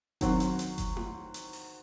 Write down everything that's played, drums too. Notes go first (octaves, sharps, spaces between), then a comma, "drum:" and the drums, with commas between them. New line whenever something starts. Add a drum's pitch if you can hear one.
D#3 F#3 C4 F#4, drum: kick F#1, hi-hat
drum: hi-hat
drum: hi-hat
drum: kick F#1, hi-hat
drum: tom E4
drum: hi-hat
drum: open hi-hat